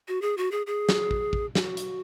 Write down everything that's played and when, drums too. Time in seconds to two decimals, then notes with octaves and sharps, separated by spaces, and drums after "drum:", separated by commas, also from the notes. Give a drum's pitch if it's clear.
0.08 F#4
0.22 G#4
0.38 F#4
0.51 G#4
0.67 G#4
0.89 drum: snare
1.11 drum: kick
1.33 drum: kick
1.55 F#4, drum: snare
1.77 drum: hi-hat